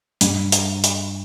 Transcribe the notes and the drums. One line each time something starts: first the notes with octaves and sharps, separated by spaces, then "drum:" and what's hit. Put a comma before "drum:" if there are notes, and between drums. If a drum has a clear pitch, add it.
G2, drum: hi-hat
drum: hi-hat
drum: hi-hat